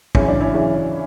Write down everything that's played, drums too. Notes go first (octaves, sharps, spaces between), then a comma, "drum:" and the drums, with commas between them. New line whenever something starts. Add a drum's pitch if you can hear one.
F#2 C#3 E3 C#4, drum: kick
D4
C#4 E4
F#2 C#3 E3